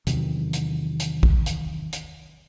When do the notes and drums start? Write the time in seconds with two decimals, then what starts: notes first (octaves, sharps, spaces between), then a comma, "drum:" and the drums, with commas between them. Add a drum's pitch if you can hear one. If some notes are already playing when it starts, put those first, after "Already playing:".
0.07 E2 C3 D#3 F#3, drum: hi-hat
0.53 drum: hi-hat
1.00 drum: hi-hat
1.23 drum: kick
1.46 drum: hi-hat
1.93 drum: hi-hat